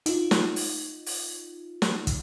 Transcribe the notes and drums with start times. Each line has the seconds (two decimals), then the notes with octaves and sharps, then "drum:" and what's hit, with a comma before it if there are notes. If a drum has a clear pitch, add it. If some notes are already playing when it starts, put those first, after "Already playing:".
0.06 D#4 F4, drum: hi-hat
0.31 drum: snare
0.56 drum: open hi-hat
1.06 drum: open hi-hat
1.82 drum: snare
2.07 drum: kick, hi-hat